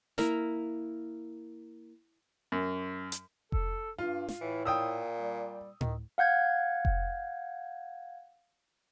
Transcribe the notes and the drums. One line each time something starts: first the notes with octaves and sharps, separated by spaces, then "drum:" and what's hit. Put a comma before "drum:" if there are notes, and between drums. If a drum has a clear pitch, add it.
A#3 E4 A#4, drum: snare
F#2
drum: hi-hat
A4, drum: kick F1
G2 F4
drum: snare
A2 E3
A#2 G5 D#6 E6
G3
D#3, drum: tom A2
F5 F#5 G6 G#6
drum: kick F1